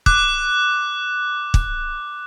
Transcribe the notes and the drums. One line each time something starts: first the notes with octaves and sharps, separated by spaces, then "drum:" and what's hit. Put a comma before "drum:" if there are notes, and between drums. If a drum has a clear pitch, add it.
D6 F#6, drum: kick
drum: kick